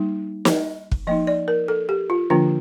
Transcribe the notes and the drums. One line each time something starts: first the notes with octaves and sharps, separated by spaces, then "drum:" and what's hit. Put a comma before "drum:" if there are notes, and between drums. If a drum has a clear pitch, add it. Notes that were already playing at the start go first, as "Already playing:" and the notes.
Already playing: G3 A#3 D#4
drum: snare
drum: kick
F3 A#3 D#4 D#5
D5
A#4
A4
G4
F4
D3 F3 A#3 D4 F4